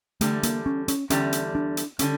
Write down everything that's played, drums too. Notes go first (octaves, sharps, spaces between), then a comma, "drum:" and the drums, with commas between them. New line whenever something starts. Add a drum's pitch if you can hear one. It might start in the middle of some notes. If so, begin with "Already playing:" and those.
E2 D3 G3 A3, drum: hi-hat
A#3, drum: hi-hat
C#4
C#4, drum: hi-hat
E2 D3 G3 C#4, drum: hi-hat
drum: hi-hat
D4
drum: hi-hat
D3 G3 C#4, drum: hi-hat